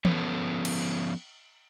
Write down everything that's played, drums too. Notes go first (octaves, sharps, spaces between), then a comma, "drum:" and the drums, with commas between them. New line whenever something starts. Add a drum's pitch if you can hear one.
F3 B3 C#4 A4 B4 C#5, drum: tom E3
drum: cymbal